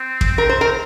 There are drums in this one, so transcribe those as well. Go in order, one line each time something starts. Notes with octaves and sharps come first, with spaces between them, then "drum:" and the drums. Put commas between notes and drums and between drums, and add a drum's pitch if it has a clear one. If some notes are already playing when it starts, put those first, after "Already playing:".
Already playing: C4
drum: kick
C4 A#4
C5
A#4